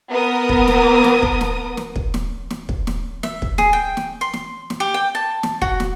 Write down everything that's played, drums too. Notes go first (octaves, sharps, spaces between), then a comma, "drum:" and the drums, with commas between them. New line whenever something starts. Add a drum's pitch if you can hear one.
B3 A#4 D#6
drum: kick
drum: snare
drum: snare
drum: kick
drum: snare
drum: snare
drum: kick
drum: snare
drum: snare
drum: kick
drum: snare
E5, drum: snare
drum: kick
G#4, drum: snare
G5
drum: snare
C6
drum: snare
drum: snare
G4
G5
A5
drum: snare
F#4, drum: kick
drum: snare